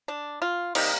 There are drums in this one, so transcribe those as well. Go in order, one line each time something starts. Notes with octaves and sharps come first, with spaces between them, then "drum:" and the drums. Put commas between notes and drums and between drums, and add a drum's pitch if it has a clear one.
D4
F4
C3 G3 A#3 D#4, drum: cymbal